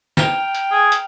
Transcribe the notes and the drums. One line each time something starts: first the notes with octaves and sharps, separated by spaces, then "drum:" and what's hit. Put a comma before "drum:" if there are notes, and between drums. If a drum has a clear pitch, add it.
G5 A#5 F6 F7, drum: snare
drum: hi-hat
G#4
drum: hi-hat